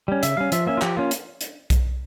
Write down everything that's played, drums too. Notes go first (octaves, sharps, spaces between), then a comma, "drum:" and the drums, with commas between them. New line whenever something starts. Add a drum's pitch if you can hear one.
G3 C#4
C#3 E5, drum: hi-hat
G3 C#4 F5
F3 E5, drum: hi-hat
A#3 C#4 E5
F4
F3 G4, drum: clap
A#3 C#4 F4
drum: hi-hat
drum: hi-hat
drum: kick B1, hi-hat